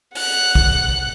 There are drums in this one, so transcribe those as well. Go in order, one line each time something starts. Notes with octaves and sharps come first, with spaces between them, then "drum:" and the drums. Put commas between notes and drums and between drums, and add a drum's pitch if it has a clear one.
F#5 F#6, drum: open hi-hat
drum: kick